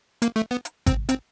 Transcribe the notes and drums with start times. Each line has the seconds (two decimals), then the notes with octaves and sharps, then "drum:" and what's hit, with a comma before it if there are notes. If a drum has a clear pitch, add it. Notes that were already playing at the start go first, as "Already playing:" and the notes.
0.22 A#3, drum: hi-hat
0.36 A3
0.51 B3
0.65 drum: hi-hat
0.86 C4, drum: kick G#1, hi-hat
1.09 C4, drum: hi-hat